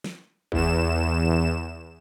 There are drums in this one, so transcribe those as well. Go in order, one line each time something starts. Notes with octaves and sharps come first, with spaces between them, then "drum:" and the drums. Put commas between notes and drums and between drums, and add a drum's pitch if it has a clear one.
drum: snare
E2 E7, drum: kick